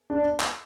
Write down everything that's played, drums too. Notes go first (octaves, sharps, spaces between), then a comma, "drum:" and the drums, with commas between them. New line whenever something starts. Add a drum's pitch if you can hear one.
D4
drum: clap